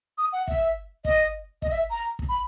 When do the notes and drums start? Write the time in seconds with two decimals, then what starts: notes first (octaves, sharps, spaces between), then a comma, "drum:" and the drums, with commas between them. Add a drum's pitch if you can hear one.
0.18 D#6
0.33 F#5
0.48 E5, drum: kick
1.05 D#5, drum: kick
1.62 D#5, drum: kick
1.71 E5
1.90 A#5
2.19 drum: kick
2.29 B5